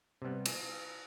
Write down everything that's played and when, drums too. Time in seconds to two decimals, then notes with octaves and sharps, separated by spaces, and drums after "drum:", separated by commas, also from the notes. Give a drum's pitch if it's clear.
0.22 C3 G3 B3
0.46 drum: cymbal